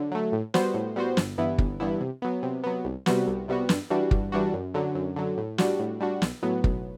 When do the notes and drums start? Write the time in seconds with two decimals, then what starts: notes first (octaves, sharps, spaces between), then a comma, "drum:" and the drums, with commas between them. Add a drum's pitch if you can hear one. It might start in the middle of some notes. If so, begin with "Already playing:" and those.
Already playing: D3 F#3
0.12 F#3 A3
0.32 A2
0.54 G3 B3 F#4 C5, drum: snare
0.74 A2
0.96 G3 B3 F#4 C5
1.17 G1, drum: snare
1.38 G2 E3 B3 E4
1.58 G1, drum: kick
1.80 G2 E3 B3 E4
2.00 C3
2.22 F#3 B3
2.43 C3
2.64 F#3 B3
2.85 C2
3.06 C3 G3 B3 F#4, drum: snare
3.27 C2
3.48 C3 G3 B3 F#4
3.69 G2, drum: snare
3.90 E3 G3 D4 F#4
4.11 G2, drum: kick
4.32 E3 G3 D4 F#4
4.53 F#2
4.74 D3 F#3
4.95 F#2
5.16 D3 F#3
5.38 A2
5.58 G3 D4 F#4, drum: snare
5.80 A2
6.00 G3 D4 F#4
6.22 B1, drum: snare
6.42 A2 F#3 B3
6.64 B1, drum: kick